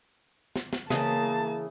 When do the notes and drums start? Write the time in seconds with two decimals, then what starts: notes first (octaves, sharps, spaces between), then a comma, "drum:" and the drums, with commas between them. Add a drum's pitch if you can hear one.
0.56 drum: snare
0.73 drum: snare
0.90 C#3 E3 A#3 D#5 A5, drum: snare